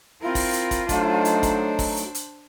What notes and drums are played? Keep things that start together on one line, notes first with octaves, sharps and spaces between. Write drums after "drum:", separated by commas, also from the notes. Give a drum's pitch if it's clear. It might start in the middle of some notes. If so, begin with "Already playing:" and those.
C4 E4 F4 A#4
drum: kick, open hi-hat
drum: hi-hat
drum: kick, hi-hat
F#3 A3 D4 D#4 C5, drum: kick, hi-hat
drum: hi-hat
drum: kick, hi-hat
drum: kick, open hi-hat
drum: hi-hat
drum: hi-hat